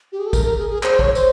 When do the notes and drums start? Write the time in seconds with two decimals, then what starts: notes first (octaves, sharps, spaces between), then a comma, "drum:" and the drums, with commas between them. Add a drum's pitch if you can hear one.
0.12 G4
0.19 G#4
0.26 A4
0.33 A#4, drum: kick, tambourine
0.46 A#4
0.58 G#4
0.70 G#4
0.83 C5, drum: clap
0.99 C#5, drum: kick
1.15 C5, drum: tambourine